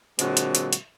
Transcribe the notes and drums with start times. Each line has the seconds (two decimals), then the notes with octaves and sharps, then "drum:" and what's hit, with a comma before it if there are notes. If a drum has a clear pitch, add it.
0.19 A#2 D3 F#3 G#3 C4 F#4, drum: hi-hat
0.37 drum: hi-hat
0.55 drum: hi-hat
0.73 drum: hi-hat